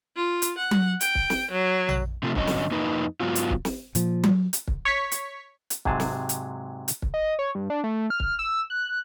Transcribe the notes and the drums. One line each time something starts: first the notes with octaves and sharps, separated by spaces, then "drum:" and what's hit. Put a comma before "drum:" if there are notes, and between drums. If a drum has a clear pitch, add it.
F4
drum: hi-hat
F#5
drum: tom F#3
G5, drum: hi-hat
drum: kick
drum: snare
F#3
drum: tom A#1
C3 F3 A3
G2 D3 F#3 C#4 D4 D#5, drum: kick
drum: snare
F2 A#3 D#4 B4
G#2 F#3 B3 F4
drum: hi-hat
drum: kick
drum: snare
A#2 F3, drum: hi-hat
drum: tom F#3
drum: hi-hat
drum: kick
C#5 C#6 B6
drum: hi-hat
drum: hi-hat
G#2 C3 F#3 G#4 A5, drum: kick
drum: snare
drum: hi-hat
drum: hi-hat
drum: kick
D#5
C#5
G2
D4
A3
F6
drum: kick
E6
F#6